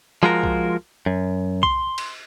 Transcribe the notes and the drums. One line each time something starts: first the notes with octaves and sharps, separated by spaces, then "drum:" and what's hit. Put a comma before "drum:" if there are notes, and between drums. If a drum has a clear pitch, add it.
F3 G#3 F4 F#4 A#4
drum: kick B1
F#2
C6, drum: kick B1
drum: cymbal